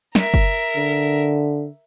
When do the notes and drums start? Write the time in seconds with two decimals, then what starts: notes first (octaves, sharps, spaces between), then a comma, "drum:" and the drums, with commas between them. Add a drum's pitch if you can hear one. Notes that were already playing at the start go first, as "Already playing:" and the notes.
0.15 A#4 E5, drum: snare
0.34 drum: kick F#1
0.77 D3